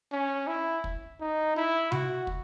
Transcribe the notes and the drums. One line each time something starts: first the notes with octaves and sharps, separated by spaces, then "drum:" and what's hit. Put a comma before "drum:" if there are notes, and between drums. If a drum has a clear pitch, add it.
C#4
E4
drum: kick
D#4
E4
F#4, drum: tom C3
drum: kick